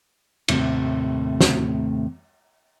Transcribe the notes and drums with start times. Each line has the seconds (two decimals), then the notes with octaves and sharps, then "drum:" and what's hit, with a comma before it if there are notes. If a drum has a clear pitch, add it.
0.48 D#2 A2 C3 A3, drum: cymbal
1.41 drum: snare